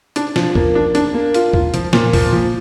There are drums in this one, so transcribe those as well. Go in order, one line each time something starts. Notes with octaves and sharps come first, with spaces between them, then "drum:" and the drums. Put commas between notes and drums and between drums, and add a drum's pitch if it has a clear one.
D4, drum: hi-hat
F3, drum: snare
A#3, drum: kick
D4
D4, drum: hi-hat
A#3
F4, drum: hi-hat
F4, drum: kick
F3, drum: hi-hat
A#2, drum: snare
F3, drum: kick, open hi-hat
F3